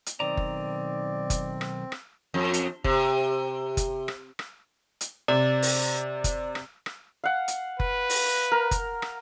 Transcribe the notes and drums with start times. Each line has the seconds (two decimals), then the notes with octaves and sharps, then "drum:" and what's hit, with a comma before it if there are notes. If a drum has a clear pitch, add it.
0.06 drum: hi-hat
0.20 B1 D#3 C4 D5 A#5
0.37 drum: kick F#1
1.30 drum: kick F#1, hi-hat
1.61 drum: rim click
1.92 drum: rim click
2.34 F2
2.54 drum: hi-hat
2.84 C3, drum: kick F#1
3.77 drum: kick F#1, hi-hat
4.08 drum: rim click
4.39 drum: rim click
5.01 drum: hi-hat
5.28 C3 D5
5.62 drum: open hi-hat
6.24 drum: kick F#1, hi-hat
6.55 drum: rim click
6.86 drum: rim click
7.24 F5 F#5
7.48 drum: hi-hat
7.80 B4, drum: kick F#1
8.10 drum: open hi-hat
8.52 A#4
8.71 drum: kick F#1, hi-hat
9.02 drum: rim click